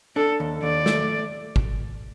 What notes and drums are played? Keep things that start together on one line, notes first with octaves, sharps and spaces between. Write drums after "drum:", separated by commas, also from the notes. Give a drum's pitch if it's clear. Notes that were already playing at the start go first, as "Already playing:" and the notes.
D4 A4
D#2
D#2 D5
A3, drum: snare
drum: kick